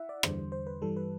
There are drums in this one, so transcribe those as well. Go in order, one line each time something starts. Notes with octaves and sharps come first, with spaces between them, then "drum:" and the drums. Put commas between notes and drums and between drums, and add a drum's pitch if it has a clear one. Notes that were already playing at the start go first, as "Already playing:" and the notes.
Already playing: E4 E5 F#5
D5
E2 D3 G3 C5, drum: rim click
C5
B4
G2 E3 G3 A4
B4